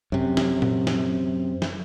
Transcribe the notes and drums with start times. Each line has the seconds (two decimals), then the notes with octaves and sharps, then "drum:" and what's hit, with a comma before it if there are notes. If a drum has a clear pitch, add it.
0.12 F#2 C3
0.37 drum: snare
0.62 drum: tom A#2
0.87 drum: snare
1.62 drum: snare